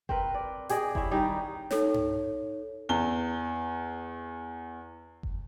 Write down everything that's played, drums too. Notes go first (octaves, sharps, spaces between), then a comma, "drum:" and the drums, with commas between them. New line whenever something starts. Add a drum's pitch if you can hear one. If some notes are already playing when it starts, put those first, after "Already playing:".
C4 A#4 B4, drum: kick F#1
D5
G4 G#4 D5 D#5, drum: hi-hat
E4 C#5 E5, drum: kick F#1
D#3 G3 D#4
D#4 A4 C#5, drum: snare
drum: tom G2
E2 G7
drum: kick F#1